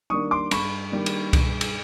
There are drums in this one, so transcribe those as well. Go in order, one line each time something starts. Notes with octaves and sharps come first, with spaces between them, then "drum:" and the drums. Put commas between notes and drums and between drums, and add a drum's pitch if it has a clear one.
D#3 G3 A#3 D4 C#6 D#6
C6 D6
G2 B5 C#6, drum: cymbal
D#3 G3 A#3 D4
drum: cymbal
G2, drum: kick C2, cymbal
drum: cymbal